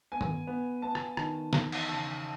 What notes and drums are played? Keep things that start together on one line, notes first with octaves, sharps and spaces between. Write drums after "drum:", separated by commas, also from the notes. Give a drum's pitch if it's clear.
B3 G#5
drum: tom G2
B3
B3 A5
drum: rim click
D#3, drum: rim click
E2 A#5, drum: snare
drum: cymbal
C#3 A5